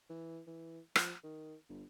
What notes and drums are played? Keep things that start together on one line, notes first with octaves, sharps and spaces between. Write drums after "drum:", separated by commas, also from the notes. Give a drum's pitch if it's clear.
E3
E3
F3, drum: rim click
D#3
G1